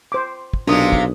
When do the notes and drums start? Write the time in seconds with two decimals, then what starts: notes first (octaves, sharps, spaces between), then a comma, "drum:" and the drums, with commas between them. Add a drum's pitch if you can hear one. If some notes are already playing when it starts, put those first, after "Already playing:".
0.12 C5 D6
0.54 drum: kick
0.67 B1 C3 G#3 D4 F4 A#4 D#6
0.93 drum: kick